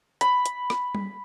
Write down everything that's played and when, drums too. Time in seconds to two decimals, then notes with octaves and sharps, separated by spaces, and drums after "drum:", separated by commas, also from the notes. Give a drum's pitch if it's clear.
0.21 B5, drum: hi-hat
0.46 drum: hi-hat
0.70 drum: rim click
0.95 drum: tom G3